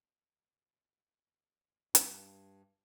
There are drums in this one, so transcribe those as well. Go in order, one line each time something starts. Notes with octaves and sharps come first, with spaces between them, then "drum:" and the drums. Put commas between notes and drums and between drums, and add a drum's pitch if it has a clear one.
G2, drum: hi-hat